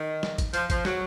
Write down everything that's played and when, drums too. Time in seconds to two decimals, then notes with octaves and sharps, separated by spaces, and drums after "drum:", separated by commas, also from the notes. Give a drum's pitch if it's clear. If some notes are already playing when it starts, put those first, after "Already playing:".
Already playing: D#3
0.23 drum: snare
0.38 drum: kick, hi-hat
0.54 F3, drum: hi-hat
0.70 F3, drum: kick, hi-hat
0.85 F#3, drum: snare